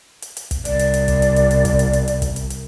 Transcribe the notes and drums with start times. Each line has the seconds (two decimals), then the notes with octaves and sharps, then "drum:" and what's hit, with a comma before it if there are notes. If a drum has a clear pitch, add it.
0.22 drum: hi-hat
0.37 drum: hi-hat
0.51 drum: kick, hi-hat
0.65 C2 D5, drum: hi-hat
0.79 drum: hi-hat
0.94 drum: hi-hat
1.08 drum: kick, hi-hat
1.22 drum: hi-hat
1.36 drum: hi-hat
1.51 drum: hi-hat
1.65 drum: kick, hi-hat
1.79 drum: hi-hat
1.93 drum: hi-hat
2.08 drum: hi-hat
2.22 drum: kick, hi-hat
2.36 drum: hi-hat
2.50 drum: hi-hat